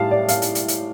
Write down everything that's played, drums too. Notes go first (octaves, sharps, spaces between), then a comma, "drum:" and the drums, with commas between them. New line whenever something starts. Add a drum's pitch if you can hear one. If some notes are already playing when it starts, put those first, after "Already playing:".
Already playing: A2 G3 F5 A5
D5
F5, drum: hi-hat
drum: hi-hat
drum: hi-hat
drum: hi-hat